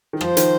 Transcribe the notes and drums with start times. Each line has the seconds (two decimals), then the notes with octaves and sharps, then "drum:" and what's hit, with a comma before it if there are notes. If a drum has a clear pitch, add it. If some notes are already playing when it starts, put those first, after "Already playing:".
0.13 D#3
0.21 F3 C5, drum: rim click
0.37 D#3, drum: hi-hat